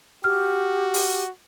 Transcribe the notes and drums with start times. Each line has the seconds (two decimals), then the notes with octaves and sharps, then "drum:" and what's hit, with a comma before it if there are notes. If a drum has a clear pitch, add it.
0.24 F#4 G4 F6
0.94 drum: open hi-hat